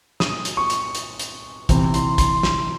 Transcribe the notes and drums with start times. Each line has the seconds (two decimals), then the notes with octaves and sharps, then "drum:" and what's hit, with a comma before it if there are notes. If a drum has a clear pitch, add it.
0.20 D#6, drum: snare
0.45 drum: hi-hat
0.57 C#6
0.70 drum: hi-hat
0.95 drum: hi-hat
1.19 drum: hi-hat
1.69 C3 E3 C4, drum: kick, hi-hat
1.94 C6, drum: hi-hat
2.18 C6, drum: kick, hi-hat
2.43 drum: snare